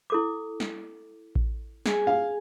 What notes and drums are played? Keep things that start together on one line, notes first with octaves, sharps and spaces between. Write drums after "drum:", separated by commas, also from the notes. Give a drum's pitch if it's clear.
E4 A4 D6
drum: snare
drum: kick A1
G#4 G#5, drum: snare
F5